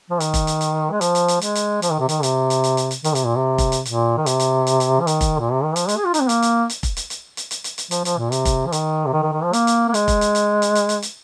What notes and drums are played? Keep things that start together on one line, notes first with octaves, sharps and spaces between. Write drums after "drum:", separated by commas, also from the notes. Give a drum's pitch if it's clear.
F3
D#3, drum: hi-hat
drum: kick F1, hi-hat
drum: hi-hat
drum: hi-hat
G#3
F3, drum: hi-hat
drum: hi-hat
drum: hi-hat
G#3, drum: hi-hat
drum: hi-hat
F3, drum: hi-hat
D#3
C3
D#3, drum: hi-hat
C3, drum: hi-hat
drum: hi-hat
drum: hi-hat
drum: hi-hat
drum: hi-hat
D#3, drum: hi-hat
C3, drum: hi-hat
A#2
C3
drum: kick F1, hi-hat
drum: hi-hat
A#2, drum: hi-hat
D#3
C3, drum: hi-hat
drum: hi-hat
drum: hi-hat
drum: hi-hat
F3
D#3, drum: hi-hat
drum: kick F1, hi-hat
A#2
C3
D#3
F3, drum: hi-hat
G#3, drum: hi-hat
G#4
F4
D#4, drum: hi-hat
C4
A#3, drum: hi-hat
drum: hi-hat
drum: hi-hat
drum: kick F1, hi-hat
drum: hi-hat
drum: hi-hat
drum: hi-hat
drum: hi-hat
drum: hi-hat
drum: hi-hat
F3, drum: hi-hat
F3, drum: hi-hat
A#2
C3, drum: hi-hat
drum: kick F1, hi-hat
F3
D#3, drum: hi-hat
C3
D#3
D#3
D#3
F3
A#3, drum: hi-hat
drum: hi-hat
A#3
G#3, drum: hi-hat
drum: kick F1, hi-hat
drum: hi-hat
drum: hi-hat
drum: hi-hat
drum: hi-hat
drum: hi-hat
drum: hi-hat